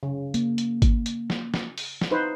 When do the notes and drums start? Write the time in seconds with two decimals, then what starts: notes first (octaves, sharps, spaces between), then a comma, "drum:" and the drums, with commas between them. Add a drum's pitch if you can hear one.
0.03 C#3
0.34 A#3, drum: hi-hat
0.58 drum: hi-hat
0.82 drum: kick G#1, hi-hat
1.06 drum: hi-hat
1.30 drum: snare
1.54 drum: snare
1.78 drum: open hi-hat
2.01 drum: snare
2.11 D#4 B4 C5